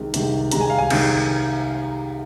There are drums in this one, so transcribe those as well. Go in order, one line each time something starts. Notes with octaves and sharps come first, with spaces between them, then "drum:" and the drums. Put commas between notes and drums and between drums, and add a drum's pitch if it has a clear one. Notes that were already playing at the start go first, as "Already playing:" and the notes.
Already playing: C2 C3 D#3 G#3
C2 C3 D#3 G#3, drum: hi-hat
C2 C3 D#3 G#3 A#5, drum: hi-hat
G#5
F5
G#5
C2 C3 D#3 G#3, drum: cymbal